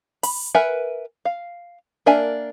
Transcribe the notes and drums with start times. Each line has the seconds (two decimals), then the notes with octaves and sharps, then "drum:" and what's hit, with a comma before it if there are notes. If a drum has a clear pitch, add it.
0.23 B5, drum: open hi-hat
0.55 A#4 B4 E5 F#5 G#5
1.25 F5
2.06 A#3 D4 A#4 E5 G#5